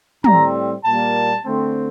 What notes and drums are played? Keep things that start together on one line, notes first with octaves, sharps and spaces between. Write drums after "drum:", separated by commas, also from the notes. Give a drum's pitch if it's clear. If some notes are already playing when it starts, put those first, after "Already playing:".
A2 G3 C4 A#5, drum: tom
A#2 G3 A#3 A5
D3 A3 C4